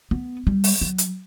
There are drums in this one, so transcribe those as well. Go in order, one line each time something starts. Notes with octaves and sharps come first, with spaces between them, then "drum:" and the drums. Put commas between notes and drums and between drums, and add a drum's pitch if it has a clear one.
B3
G3
drum: open hi-hat
F#3
drum: hi-hat